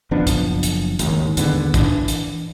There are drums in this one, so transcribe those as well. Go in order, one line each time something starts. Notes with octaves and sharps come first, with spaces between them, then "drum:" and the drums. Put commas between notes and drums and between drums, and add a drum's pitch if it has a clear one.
F#1 F3 B3 D4
drum: kick, hi-hat
drum: hi-hat
G#1 D#2, drum: hi-hat
D#2 D3 G#3 B3, drum: hi-hat
E3 D4, drum: kick, hi-hat
drum: hi-hat